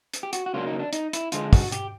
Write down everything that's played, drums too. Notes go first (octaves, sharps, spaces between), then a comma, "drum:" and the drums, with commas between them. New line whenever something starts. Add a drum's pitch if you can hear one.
drum: hi-hat
G4
F#4, drum: hi-hat
F#4
C#3 F#3 A#3 D4 F4
D#4
D4
D#4, drum: hi-hat
E4, drum: hi-hat
D3 F3 G#3 F4, drum: hi-hat
F#4, drum: kick, open hi-hat
G4, drum: hi-hat